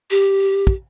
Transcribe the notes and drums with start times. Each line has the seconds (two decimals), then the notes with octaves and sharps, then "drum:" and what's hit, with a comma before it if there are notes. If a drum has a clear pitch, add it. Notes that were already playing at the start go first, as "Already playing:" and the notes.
0.11 G4
0.67 drum: kick